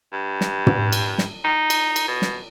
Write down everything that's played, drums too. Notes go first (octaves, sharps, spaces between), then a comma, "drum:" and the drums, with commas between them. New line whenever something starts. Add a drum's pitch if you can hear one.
G2
drum: snare
drum: tom
drum: cymbal
drum: snare
D#4
drum: cymbal
drum: cymbal
B2
drum: snare